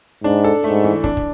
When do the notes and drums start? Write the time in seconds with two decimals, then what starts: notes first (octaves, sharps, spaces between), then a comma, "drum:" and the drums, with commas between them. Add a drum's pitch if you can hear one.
0.24 G#2 D4
0.44 A4
0.64 G#2 A3
0.84 E3
1.04 D4, drum: kick
1.17 drum: kick